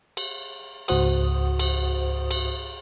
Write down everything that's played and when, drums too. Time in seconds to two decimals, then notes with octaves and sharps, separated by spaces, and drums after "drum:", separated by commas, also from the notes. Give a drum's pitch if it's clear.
0.17 drum: cymbal
0.88 C#2 G#2 F#4 C5 F#5 D#6, drum: cymbal
1.59 drum: cymbal
2.31 drum: cymbal